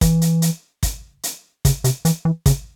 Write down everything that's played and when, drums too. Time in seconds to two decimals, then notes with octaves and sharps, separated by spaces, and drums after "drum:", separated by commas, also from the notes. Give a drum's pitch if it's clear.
0.01 E3, drum: kick, hi-hat
0.22 drum: hi-hat
0.42 drum: hi-hat
0.83 drum: kick, hi-hat
1.23 drum: hi-hat
1.65 C#3, drum: kick, hi-hat
1.84 C3, drum: hi-hat
2.05 E3, drum: hi-hat
2.25 E3
2.46 C#3, drum: kick, hi-hat